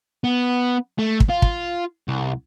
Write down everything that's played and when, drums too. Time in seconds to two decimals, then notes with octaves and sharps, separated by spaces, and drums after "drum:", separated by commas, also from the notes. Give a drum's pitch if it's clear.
0.24 B3
0.98 A3
1.20 drum: kick
1.29 F4
1.42 drum: kick
2.08 C2